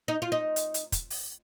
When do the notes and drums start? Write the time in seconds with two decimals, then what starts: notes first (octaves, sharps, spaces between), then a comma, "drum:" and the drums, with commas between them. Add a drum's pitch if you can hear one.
0.08 D#4
0.22 F4
0.32 D#4
0.56 drum: hi-hat
0.74 drum: hi-hat
0.92 drum: kick, hi-hat
1.10 drum: open hi-hat